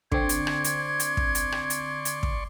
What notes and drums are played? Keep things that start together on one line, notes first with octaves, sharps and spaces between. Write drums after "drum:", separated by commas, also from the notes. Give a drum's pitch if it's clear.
D3 C4 D5 C6 C#6 G#6, drum: kick
drum: hi-hat
drum: rim click
drum: hi-hat
drum: hi-hat
drum: kick
drum: hi-hat
drum: rim click
drum: hi-hat
drum: hi-hat
drum: kick